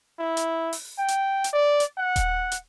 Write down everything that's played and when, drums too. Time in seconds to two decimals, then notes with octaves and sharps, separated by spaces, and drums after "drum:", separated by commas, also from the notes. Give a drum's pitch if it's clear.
0.19 E4
0.37 drum: hi-hat
0.73 drum: open hi-hat
0.99 G5
1.08 drum: hi-hat
1.44 drum: hi-hat
1.53 D5
1.80 drum: hi-hat
1.98 F#5
2.16 drum: kick D#1, hi-hat
2.52 drum: hi-hat